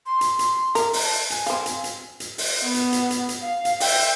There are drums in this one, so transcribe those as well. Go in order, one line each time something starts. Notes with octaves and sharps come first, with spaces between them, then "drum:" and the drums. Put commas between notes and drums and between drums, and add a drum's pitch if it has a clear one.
C6
drum: hi-hat
drum: hi-hat
A#4, drum: hi-hat
drum: open hi-hat
A5
G#5, drum: hi-hat
C4 F5, drum: hi-hat
drum: hi-hat
drum: hi-hat
drum: hi-hat
drum: open hi-hat
B3
drum: hi-hat
drum: hi-hat
drum: hi-hat
drum: hi-hat
F5
drum: hi-hat
E5 G5, drum: open hi-hat